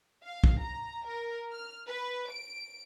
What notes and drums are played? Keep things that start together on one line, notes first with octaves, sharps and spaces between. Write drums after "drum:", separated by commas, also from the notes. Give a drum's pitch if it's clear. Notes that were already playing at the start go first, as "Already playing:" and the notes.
F5
drum: kick
A#5
A#4
F6
B4
D7